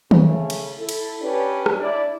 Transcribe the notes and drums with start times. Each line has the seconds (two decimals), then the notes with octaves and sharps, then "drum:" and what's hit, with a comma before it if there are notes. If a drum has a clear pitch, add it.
0.11 C#3 A3, drum: tom D#3
0.50 drum: cymbal
0.78 E4 A4
0.89 drum: cymbal
1.21 C#4 D4 G4 B4
1.66 drum: rim click
1.80 D4 E4 D5